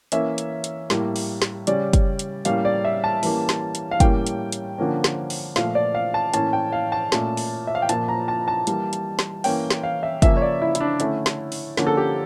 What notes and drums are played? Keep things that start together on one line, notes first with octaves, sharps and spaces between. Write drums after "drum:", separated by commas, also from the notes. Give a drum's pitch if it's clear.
E3 A#3 C#4 E5, drum: hi-hat
drum: hi-hat
drum: hi-hat
A2 G3 A#3, drum: snare
drum: open hi-hat
drum: snare
C#3 G3 C#4 D5, drum: hi-hat
drum: kick, hi-hat
drum: hi-hat
A2 G3 A#3 C#4 F5, drum: hi-hat
D5
E5
A5
E3 G3 A#3 C#4, drum: open hi-hat
drum: snare
drum: hi-hat
F5
A2 G3 A#3 C#4 G5, drum: kick, hi-hat
drum: hi-hat
drum: hi-hat
D3 F3 A#3 C#4
drum: snare
drum: open hi-hat
A#2 F3 A3 F5, drum: snare
D5
F5
A5
A2 E3 A#3 C#4 A5, drum: hi-hat
G5
F5
A5
A#2 A3 C#4, drum: snare
drum: open hi-hat
E5
F5
G5
A#2 F3 A#3 A5, drum: hi-hat
A#5
A5
A5
E3 G3 A#3, drum: hi-hat
drum: hi-hat
drum: snare
E3 A#3 C#4 G5, drum: open hi-hat
drum: snare
F5
E5
C#3 F3 A#3 C#4 E5, drum: kick, hi-hat
C#5
D5
E4
E4, drum: hi-hat
D4
D3 A3 C#4 E4, drum: hi-hat
drum: snare
drum: open hi-hat
D3 F3 A#3 C#4, drum: snare
A4
G4